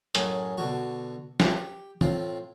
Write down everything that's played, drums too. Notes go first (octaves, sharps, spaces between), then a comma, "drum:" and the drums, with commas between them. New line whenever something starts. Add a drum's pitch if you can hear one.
F#2 A2 G#3, drum: hi-hat
B2 D3 F#4
G4, drum: snare
A2 C4 F4, drum: tom